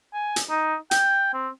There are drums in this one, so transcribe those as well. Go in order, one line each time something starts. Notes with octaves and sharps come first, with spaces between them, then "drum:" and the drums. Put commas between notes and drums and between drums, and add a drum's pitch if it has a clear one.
G#5
drum: hi-hat
D#4
G5, drum: hi-hat
C4